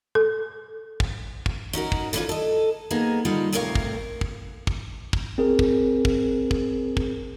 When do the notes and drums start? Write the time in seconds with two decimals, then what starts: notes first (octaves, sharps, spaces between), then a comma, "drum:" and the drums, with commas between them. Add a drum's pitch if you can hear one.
0.15 A4
1.00 drum: kick
1.46 drum: kick
1.73 C#4 D#4 F#4 A#4
1.92 drum: kick
2.13 D3 E3 B3 C#4 E4 F4
2.29 A4 D#5
2.91 A#3 B3 D#4 G#4
3.25 D3 G3 D#4 F4 F#5
3.52 D2 A2 C3 A#4 C#5 F5
3.75 drum: kick
4.21 drum: kick
4.67 drum: kick
5.13 drum: kick
5.38 C4 G#4 A#4
5.59 drum: kick
6.05 drum: kick
6.51 drum: kick
6.97 drum: kick